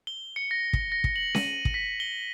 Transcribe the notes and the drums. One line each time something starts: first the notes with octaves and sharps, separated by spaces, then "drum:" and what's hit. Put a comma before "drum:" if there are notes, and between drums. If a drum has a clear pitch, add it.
G7
C#7
A#6
drum: kick
A#6
drum: kick
F#7
D#7, drum: snare C#4
drum: kick
B6
G7